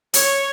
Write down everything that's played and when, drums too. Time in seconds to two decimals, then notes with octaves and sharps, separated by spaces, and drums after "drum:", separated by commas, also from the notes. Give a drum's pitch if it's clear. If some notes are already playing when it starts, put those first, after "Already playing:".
0.14 C#5, drum: hi-hat